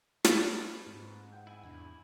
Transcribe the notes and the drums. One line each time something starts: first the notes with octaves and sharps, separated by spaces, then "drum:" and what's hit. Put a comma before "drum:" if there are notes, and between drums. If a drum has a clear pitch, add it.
C4 B4 A5, drum: snare
G#2
F#5 G5 G6
E4 G#5
E2 G#2 C3 D4